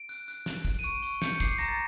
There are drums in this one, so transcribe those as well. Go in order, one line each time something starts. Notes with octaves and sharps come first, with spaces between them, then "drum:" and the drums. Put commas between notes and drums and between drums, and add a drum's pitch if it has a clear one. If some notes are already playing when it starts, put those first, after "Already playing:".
Already playing: D7
F#6, drum: tambourine
F#6, drum: tambourine
F#6, drum: snare
F#6, drum: kick, tambourine
D#7
C#6 D7, drum: tambourine
C#6, drum: tambourine
G6 C#7, drum: snare
D6 C7, drum: kick, tambourine
A#5 A#6, drum: tambourine
A6